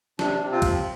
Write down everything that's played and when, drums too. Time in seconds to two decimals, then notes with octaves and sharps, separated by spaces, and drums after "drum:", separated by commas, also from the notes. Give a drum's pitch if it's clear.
0.19 C3 D4, drum: snare
0.41 C3
0.52 C4 F4
0.62 F3, drum: kick C2, cymbal